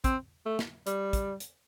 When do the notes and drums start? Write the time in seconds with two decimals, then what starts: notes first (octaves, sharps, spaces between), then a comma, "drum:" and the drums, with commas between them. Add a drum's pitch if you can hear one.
0.04 C4, drum: kick, hi-hat
0.46 A3
0.59 drum: snare
0.87 G3, drum: hi-hat
1.13 drum: kick, hi-hat
1.40 drum: hi-hat